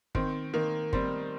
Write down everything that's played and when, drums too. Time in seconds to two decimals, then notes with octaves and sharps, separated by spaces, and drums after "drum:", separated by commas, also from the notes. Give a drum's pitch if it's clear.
0.15 D#3 C4, drum: kick
0.54 D#3 A#3
0.93 G3 C4, drum: kick